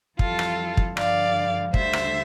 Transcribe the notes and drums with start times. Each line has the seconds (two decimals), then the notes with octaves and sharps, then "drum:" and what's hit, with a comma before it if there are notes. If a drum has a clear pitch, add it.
0.19 F2 E3 G3 F4 A4, drum: kick
0.39 drum: rim click
0.77 drum: kick
0.97 G2 D3 F3 D5 F5, drum: rim click
1.74 D2 D3 G3 C5 E5, drum: kick
1.93 drum: rim click